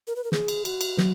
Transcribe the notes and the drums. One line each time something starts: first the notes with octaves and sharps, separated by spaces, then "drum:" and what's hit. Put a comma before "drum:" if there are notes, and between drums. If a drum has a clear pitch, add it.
A#4
B4
A#4
G#4, drum: snare
drum: cymbal
F#4, drum: cymbal
drum: cymbal
F#3, drum: snare